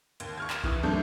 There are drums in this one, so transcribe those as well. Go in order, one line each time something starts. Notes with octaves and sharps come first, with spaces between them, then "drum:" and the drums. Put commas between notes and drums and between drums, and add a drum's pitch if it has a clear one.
D#2, drum: hi-hat
C#6 F6 G#6
drum: clap
E3 D#6, drum: kick
F#2 A3 D4 G6